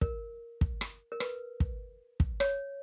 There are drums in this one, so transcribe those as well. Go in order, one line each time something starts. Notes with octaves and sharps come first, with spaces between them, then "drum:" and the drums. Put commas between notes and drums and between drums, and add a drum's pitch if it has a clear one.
A#4, drum: kick
drum: kick
drum: rim click
A#4
B4, drum: rim click
drum: kick
drum: kick
C#5, drum: rim click